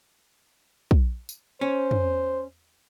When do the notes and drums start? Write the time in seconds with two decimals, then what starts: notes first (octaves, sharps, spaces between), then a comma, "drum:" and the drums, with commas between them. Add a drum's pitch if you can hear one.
0.91 drum: kick
1.29 drum: tambourine
1.61 C#4 C5
1.91 drum: tom